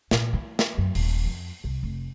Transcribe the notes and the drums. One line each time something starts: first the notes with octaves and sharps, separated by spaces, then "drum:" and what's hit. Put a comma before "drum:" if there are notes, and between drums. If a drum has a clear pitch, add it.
A#2, drum: snare
E4
drum: snare
F#2
D#1, drum: open hi-hat
F2
C2
F1